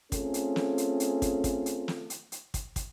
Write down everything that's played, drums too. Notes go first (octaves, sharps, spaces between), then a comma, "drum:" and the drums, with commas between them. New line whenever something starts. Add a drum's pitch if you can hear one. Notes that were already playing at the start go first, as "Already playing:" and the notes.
A3 C4 C#4 F4 G#4 A4, drum: kick, hi-hat
drum: hi-hat
drum: snare
drum: hi-hat
drum: hi-hat
drum: kick, hi-hat
drum: kick, hi-hat
drum: hi-hat
drum: snare
drum: hi-hat
drum: hi-hat
drum: kick, hi-hat
drum: kick, hi-hat